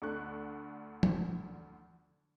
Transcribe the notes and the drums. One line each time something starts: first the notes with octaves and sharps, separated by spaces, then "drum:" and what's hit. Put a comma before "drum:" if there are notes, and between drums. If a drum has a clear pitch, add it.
D2 D3 C#6 F#6
drum: tom